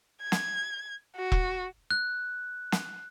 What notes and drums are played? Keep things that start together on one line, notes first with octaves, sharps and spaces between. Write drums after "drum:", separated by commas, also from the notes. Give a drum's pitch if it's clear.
G#6
drum: snare
F#4
drum: kick E1
F#6
drum: snare